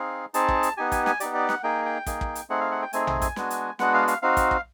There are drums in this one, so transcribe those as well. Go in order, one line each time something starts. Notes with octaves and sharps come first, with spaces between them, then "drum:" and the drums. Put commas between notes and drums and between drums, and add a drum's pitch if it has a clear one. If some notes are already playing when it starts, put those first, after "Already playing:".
Already playing: C4 D#4 G#4 F5
C4 D#4 G#4 A5, drum: hi-hat
drum: kick
drum: hi-hat
B3 D#4 G4 G#5
G#5, drum: kick, hi-hat
G#5, drum: snare
B3 D#4 G4 D5, drum: hi-hat
D5
F#5, drum: snare
A#3 D#4 G#4 G5
G5
A#3 D#4 G#4, drum: kick, hi-hat
drum: kick
drum: hi-hat
A3 C4 D#4 G#4 F#5
F5
F#5
G5
A3 C4 D#4 G#4 G#5, drum: hi-hat
G#5, drum: tom A#1
G#5, drum: kick, hi-hat
G#3 B3 D4 F#4, drum: snare
drum: hi-hat
G#3 B3 D4 F#4 F#5, drum: snare
F5
F5, drum: hi-hat
C4 D#4 F#4 F5
drum: kick, hi-hat
drum: kick